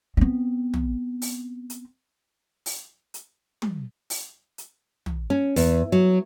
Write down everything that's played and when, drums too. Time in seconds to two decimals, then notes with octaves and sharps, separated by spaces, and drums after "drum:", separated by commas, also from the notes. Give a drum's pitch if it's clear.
0.17 B3 C4
0.74 drum: tom
1.22 drum: open hi-hat
1.70 drum: hi-hat
2.66 drum: open hi-hat
3.14 drum: hi-hat
3.62 drum: tom
4.10 drum: open hi-hat
4.58 drum: hi-hat
5.06 drum: tom
5.30 C#4
5.56 E2, drum: open hi-hat
5.92 F#3